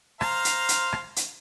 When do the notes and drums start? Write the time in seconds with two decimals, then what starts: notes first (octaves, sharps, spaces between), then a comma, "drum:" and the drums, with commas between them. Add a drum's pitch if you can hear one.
0.21 C5 F5 A#5, drum: rim click
0.45 drum: hi-hat
0.69 drum: hi-hat
0.93 drum: rim click
1.16 drum: hi-hat